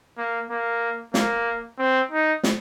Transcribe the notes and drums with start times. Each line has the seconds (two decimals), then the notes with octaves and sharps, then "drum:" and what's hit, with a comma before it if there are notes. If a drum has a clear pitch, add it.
0.18 A#3
0.50 A#3
1.14 A#3, drum: snare
1.78 C4
2.11 D#4
2.43 drum: snare